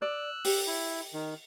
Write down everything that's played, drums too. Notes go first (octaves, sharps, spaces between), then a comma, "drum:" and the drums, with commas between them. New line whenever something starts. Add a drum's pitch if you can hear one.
D5 E6 F#6
G4, drum: open hi-hat
E4
D#3